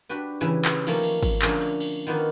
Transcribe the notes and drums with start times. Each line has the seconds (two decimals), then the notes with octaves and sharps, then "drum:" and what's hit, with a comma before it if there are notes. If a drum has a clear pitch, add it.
0.09 D4 F#4 G4 B4
0.40 C#3 E3 G3 E4 B4 E5
0.65 drum: clap
0.87 D#3 F3 A3 A#3 C#4, drum: cymbal
1.03 drum: cymbal
1.23 drum: kick G#1, cymbal
1.42 D3 F3 A3 A#3 C#4, drum: clap
1.61 drum: cymbal
1.80 drum: cymbal
2.07 D#3 A#3 B3 D#4 F4 F#4